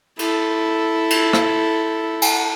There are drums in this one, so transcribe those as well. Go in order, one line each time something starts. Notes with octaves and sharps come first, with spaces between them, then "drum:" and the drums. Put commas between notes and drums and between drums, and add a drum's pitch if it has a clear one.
E4 A4, drum: cymbal
drum: cymbal
drum: rim click
drum: cymbal